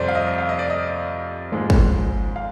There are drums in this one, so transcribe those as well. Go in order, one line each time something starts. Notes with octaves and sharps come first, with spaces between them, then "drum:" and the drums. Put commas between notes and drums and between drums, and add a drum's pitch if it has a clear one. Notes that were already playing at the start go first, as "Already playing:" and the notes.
Already playing: F2 C3 G3 C5 D5
F5
D#5
F5
D#5
D5
D#5
G#2 F3 G#3
drum: kick
F5